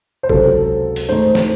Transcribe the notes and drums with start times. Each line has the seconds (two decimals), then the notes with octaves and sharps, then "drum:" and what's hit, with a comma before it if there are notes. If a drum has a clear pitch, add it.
0.23 C5
0.29 C#2 C3 F#3 A4, drum: kick
0.96 drum: open hi-hat
1.08 G#2 D#3 A3 D#4 C5
1.35 C5, drum: snare